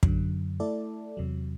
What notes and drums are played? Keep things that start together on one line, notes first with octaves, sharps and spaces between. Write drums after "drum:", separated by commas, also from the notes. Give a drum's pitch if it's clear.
F#2 D3 F#3, drum: kick
A3 E4 A4 D5
E2 C3 F#3